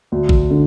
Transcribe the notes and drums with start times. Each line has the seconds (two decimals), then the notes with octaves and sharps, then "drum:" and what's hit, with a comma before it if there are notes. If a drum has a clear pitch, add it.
0.12 D2
0.29 drum: kick A1
0.50 D3